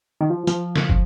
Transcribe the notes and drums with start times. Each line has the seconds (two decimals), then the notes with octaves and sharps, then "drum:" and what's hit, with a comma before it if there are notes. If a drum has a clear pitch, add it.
0.21 D#3
0.30 F3
0.47 F3, drum: hi-hat
0.76 drum: snare
0.89 drum: kick